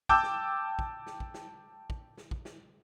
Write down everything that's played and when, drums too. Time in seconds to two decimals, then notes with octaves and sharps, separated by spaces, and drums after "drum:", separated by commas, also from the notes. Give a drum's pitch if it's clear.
0.09 G5 A5 D6 E6 G6, drum: kick
0.23 drum: snare
0.79 drum: kick
1.06 drum: snare
1.20 drum: kick
1.34 drum: snare
1.90 drum: kick
2.17 drum: snare
2.31 drum: kick
2.45 drum: snare